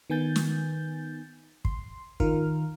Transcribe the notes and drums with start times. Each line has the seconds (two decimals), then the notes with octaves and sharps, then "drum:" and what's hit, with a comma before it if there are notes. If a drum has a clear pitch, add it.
0.10 D#3 B3 G#5 G6 A6
0.36 drum: snare
1.65 C6, drum: kick
2.20 D#3 F4 A#4 F6, drum: kick